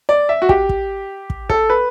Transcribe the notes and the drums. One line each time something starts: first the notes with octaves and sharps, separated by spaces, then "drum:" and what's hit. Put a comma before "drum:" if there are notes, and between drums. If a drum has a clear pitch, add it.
D5
E5
F#4
G4, drum: kick
drum: kick
drum: kick
A4, drum: kick
B4